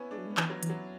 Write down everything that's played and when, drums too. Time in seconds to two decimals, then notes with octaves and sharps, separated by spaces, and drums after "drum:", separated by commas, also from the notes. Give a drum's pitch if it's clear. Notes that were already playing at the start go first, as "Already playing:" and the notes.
Already playing: B3 C#4 E4 B4
0.11 G#3 D4
0.18 F#3
0.26 G#3
0.31 B3
0.37 E3, drum: clap
0.50 F#3
0.63 E3, drum: hi-hat
0.70 F#3